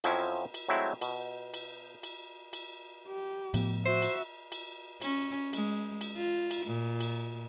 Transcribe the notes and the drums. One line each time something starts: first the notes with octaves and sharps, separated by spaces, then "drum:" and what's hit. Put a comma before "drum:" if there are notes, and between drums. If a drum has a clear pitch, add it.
F2 F3 F#3 C4 C#4 E4, drum: cymbal
drum: cymbal
F#3 G#3 A3 C4 E4
B2, drum: cymbal
drum: cymbal
drum: cymbal
drum: cymbal
G4
A2 F3 B3, drum: cymbal
F#4 C5 E5
drum: cymbal
drum: cymbal
C#4, drum: cymbal
G#3, drum: cymbal
drum: cymbal
F4
drum: cymbal
A#2
drum: cymbal